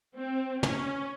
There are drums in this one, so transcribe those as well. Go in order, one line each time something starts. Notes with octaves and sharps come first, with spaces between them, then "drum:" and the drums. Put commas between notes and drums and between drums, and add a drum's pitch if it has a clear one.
C4
C#4, drum: tom